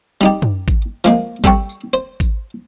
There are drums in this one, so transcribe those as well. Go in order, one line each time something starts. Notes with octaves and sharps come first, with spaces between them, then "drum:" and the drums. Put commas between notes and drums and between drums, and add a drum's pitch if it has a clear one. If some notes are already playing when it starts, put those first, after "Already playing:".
G3 D#4 G4
drum: tom
drum: kick G#1, tambourine
F3 G#3 A#3
G3 A4 G5 C#6, drum: kick G#1
drum: tambourine
C5
drum: kick G#1, tambourine